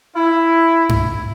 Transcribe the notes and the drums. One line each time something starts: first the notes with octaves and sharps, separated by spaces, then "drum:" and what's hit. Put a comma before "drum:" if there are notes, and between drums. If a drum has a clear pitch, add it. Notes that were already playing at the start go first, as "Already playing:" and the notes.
E4
drum: tom G2